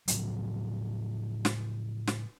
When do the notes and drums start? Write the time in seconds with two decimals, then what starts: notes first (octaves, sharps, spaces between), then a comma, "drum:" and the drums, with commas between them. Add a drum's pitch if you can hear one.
0.08 A2 C#3 F3 F#3, drum: hi-hat
1.45 drum: snare
2.07 drum: snare